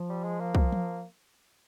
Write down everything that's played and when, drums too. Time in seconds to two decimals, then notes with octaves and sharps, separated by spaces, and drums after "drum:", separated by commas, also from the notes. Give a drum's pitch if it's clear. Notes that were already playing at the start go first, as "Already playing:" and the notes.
Already playing: F3
0.09 G3
0.23 G#3
0.40 A#3
0.55 drum: kick C2
0.72 drum: tom F3